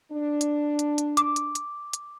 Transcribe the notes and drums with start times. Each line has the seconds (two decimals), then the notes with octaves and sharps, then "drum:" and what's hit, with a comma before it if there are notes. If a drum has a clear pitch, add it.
0.12 D4
0.41 drum: hi-hat
0.79 drum: hi-hat
0.98 drum: hi-hat
1.17 D6, drum: hi-hat
1.36 drum: hi-hat
1.55 drum: hi-hat
1.93 drum: hi-hat